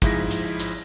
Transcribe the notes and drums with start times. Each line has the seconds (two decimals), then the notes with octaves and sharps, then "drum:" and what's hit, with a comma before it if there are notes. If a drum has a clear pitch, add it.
0.02 G#2 F3 E4 G#4 A#6, drum: kick, hi-hat
0.31 drum: hi-hat
0.59 drum: hi-hat